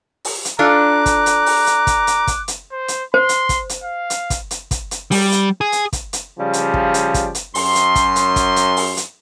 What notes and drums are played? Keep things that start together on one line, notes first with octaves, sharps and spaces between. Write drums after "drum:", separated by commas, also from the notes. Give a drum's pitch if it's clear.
drum: open hi-hat
drum: hi-hat
D4 F4 A4 A#5 D6 F#6
drum: kick, hi-hat
drum: hi-hat
drum: open hi-hat
drum: hi-hat
drum: kick, hi-hat
drum: hi-hat
drum: kick, hi-hat
drum: hi-hat
C5
drum: hi-hat
C5 C6
drum: hi-hat
drum: kick, hi-hat
drum: hi-hat
F5
drum: hi-hat
drum: kick, hi-hat
drum: hi-hat
drum: kick, hi-hat
drum: hi-hat
G3, drum: open hi-hat
drum: hi-hat
G#4
drum: hi-hat
drum: kick, hi-hat
drum: hi-hat
C#3 F3 G3
drum: hi-hat
drum: kick
drum: hi-hat
drum: kick, hi-hat
drum: hi-hat
F#2 C6, drum: open hi-hat
drum: hi-hat
drum: kick, hi-hat
drum: hi-hat
drum: kick, hi-hat
drum: hi-hat
drum: open hi-hat
drum: hi-hat